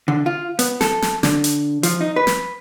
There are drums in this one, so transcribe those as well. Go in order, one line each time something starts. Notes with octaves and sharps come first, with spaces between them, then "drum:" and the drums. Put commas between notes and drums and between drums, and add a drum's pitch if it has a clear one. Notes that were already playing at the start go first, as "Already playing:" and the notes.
D3
F4
B3, drum: hi-hat
A4, drum: snare
drum: snare
D3, drum: snare
drum: hi-hat
F3, drum: hi-hat
D#4
B4
drum: snare